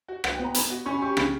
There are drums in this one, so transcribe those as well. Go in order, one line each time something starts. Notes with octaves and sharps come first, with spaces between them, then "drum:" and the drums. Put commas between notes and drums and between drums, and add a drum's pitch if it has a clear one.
F#4
B4 F#5, drum: rim click
B3 G5
A#5
B3 B5, drum: hi-hat
F#4
C#4 C#6
B5
G4 C#6
C#3 B5, drum: rim click